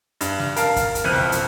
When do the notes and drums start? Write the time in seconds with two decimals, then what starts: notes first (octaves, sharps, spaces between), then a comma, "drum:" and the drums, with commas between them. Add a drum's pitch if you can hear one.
0.21 G2, drum: hi-hat
0.39 drum: snare
0.56 A#4 F5 A5, drum: hi-hat
0.76 drum: kick, hi-hat
0.95 drum: hi-hat
1.04 E1 F2 C4 F6 F#6 D#7
1.13 drum: snare
1.32 drum: hi-hat